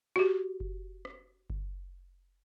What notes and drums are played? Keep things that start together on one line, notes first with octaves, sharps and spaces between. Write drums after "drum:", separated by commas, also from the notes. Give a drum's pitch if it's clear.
F#4 G4
drum: kick F#1
drum: rim click
drum: kick F#1